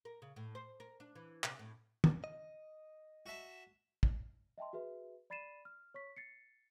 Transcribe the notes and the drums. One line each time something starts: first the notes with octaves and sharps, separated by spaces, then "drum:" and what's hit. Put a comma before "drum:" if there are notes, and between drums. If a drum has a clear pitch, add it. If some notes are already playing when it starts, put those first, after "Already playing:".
A#4
C#3
A2
C5
A#4
D4
E3
C3, drum: clap
A2
drum: tom
D#5
F#4 E5 A5
drum: kick
D#5 E5 G5 A5 C6
F#4 G#4 B4 E5
D5 B5 A6 C7 D#7 E7
F6
C#5 C#6 B6
A6 C7 C#7